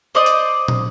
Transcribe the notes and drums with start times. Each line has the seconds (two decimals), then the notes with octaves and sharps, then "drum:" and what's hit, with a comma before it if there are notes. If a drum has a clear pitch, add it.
0.15 C5 D5 D#5 D#6
0.26 drum: hi-hat
0.68 drum: tom